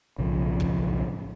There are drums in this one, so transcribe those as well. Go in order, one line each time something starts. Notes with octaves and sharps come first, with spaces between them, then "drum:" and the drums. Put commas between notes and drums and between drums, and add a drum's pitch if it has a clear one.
B1 A2 C#3 F3
drum: kick